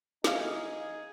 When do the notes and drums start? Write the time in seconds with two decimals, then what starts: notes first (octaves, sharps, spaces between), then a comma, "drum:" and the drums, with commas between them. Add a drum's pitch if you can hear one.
0.24 E3 D#4 G#4 F5, drum: snare